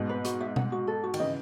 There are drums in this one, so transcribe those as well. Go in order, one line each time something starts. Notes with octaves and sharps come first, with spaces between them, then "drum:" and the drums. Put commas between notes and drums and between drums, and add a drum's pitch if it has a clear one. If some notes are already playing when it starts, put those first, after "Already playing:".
Already playing: G#2 B2
B4
F#4, drum: hi-hat
E5
F#5, drum: tom B2
F#4
A4
F#4
D#3, drum: cymbal
C#3 E3 D#5